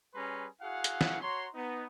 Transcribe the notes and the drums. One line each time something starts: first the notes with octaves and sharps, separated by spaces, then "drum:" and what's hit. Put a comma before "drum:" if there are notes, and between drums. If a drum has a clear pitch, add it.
G3 C#4 G#4 B4 A#5 C6
E4 F#4 G#4 F5 F#5
drum: hi-hat
drum: snare
F#4 C#5 A#5 C6
B3 D#4